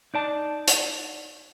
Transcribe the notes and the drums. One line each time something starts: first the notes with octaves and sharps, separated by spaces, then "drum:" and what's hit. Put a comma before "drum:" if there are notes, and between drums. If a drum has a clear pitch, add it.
D#4 D5 A5
drum: hi-hat